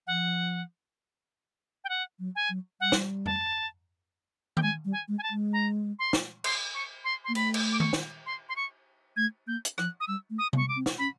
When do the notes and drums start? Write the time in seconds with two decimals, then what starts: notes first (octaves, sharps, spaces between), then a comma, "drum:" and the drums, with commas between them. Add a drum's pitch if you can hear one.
0.07 F3 F#5
1.84 G5
1.89 F#5
2.19 F#3
2.35 G#5
2.49 F#3
2.80 G3 F#5
2.92 drum: snare
3.26 A5, drum: tom F2
4.57 G5, drum: tom D#3
4.62 G#3 G#5
4.85 G3
4.92 G#5
5.08 G#3
5.18 G#5
5.23 A5
5.30 G#3
5.53 A#5
5.99 C6
6.13 drum: snare
6.44 C6, drum: cymbal
6.74 C#6
7.04 C6
7.24 A#3 C6
7.35 A3 B5, drum: cymbal
7.54 drum: cymbal
7.72 D6
7.80 C#6, drum: tom D#3
7.93 drum: snare
8.26 C6
8.49 C6
8.56 C#6
9.17 A3 G#6
9.47 A#3 G6
9.65 drum: hi-hat
9.78 F3 F#6, drum: rim click
10.00 D#6
10.08 G3 E6
10.30 A3
10.38 D#6
10.53 B3, drum: tom C3
10.57 C#6
10.68 D6
10.76 C4
10.86 drum: snare
10.98 C#4 B5